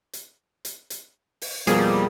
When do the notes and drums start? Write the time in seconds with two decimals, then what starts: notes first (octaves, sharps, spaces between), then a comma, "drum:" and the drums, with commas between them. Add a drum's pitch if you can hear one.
0.13 drum: hi-hat
0.65 drum: hi-hat
0.90 drum: hi-hat
1.42 drum: open hi-hat
1.67 F2 B2 F3 G3 A#3 G#4, drum: hi-hat